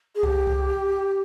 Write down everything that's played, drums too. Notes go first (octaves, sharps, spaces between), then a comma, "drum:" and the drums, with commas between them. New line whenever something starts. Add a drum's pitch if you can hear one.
G#4
G4, drum: kick C2
drum: kick C2